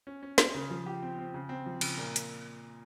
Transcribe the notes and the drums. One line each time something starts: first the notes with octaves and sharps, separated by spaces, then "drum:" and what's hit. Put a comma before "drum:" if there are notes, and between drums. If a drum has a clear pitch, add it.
C#4
C#4
C#4, drum: snare
C#3
F3
G4
C4
C4
C#3
C4
F3
C#3, drum: cymbal
A#2
drum: hi-hat